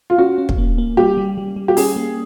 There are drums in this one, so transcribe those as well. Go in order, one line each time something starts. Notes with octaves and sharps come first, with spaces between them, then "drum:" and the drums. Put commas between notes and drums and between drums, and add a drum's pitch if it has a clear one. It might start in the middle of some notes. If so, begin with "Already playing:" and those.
F4
C#4 F#4
C#4
drum: kick
A#3
A#3
G3 G4
G3
G3
G3
G4
C#4 G#4, drum: open hi-hat
A#3